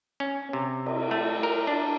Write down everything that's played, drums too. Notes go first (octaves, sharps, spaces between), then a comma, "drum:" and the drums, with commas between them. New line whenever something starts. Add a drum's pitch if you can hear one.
C#4
C3
drum: cymbal
A3
A#4
D4